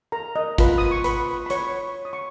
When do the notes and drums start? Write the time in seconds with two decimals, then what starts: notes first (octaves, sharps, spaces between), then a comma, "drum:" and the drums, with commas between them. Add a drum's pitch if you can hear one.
0.12 A#4 A#5
0.36 D#5
0.58 F4 B4, drum: kick G#1, hi-hat
0.78 D#6
0.91 C#6
1.04 B4 B5, drum: hi-hat
1.46 B5
1.50 C#5 C#6, drum: hi-hat
2.05 D#6
2.13 C#6